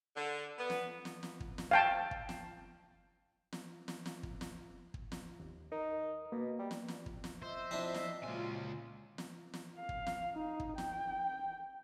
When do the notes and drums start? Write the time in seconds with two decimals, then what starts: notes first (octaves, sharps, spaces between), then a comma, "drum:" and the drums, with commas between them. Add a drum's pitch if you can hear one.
0.17 D3
0.58 B3
0.70 drum: snare
1.05 drum: snare
1.23 drum: snare
1.40 drum: kick
1.58 drum: snare
1.71 F5 G5 A5
2.11 drum: kick
2.29 drum: snare
3.53 drum: snare
3.88 drum: snare
4.06 drum: snare
4.23 drum: kick
4.41 drum: snare
4.94 drum: kick
5.12 drum: snare
5.40 D#2
5.72 D#4 A#4
6.32 B2 A#3
6.59 G3
6.71 drum: snare
6.88 drum: snare
7.06 drum: kick
7.24 drum: snare
7.42 C5 D#5 E5
7.71 F3 C4 D4 E4
7.94 drum: snare
8.24 C#2 A#2 F#3 C#4 F4 G#5
9.18 drum: snare
9.54 drum: snare
9.78 F5
9.89 drum: kick
10.07 drum: snare
10.34 D#4
10.60 drum: kick
10.78 G5, drum: snare